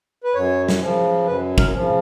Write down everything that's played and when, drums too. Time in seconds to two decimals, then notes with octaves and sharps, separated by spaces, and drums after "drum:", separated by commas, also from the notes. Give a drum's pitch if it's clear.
0.24 B4
0.34 F#2 C#5
0.68 drum: snare
0.81 C#3 F3
1.27 F#2 B4
1.58 A#4, drum: kick
1.73 C#3 F3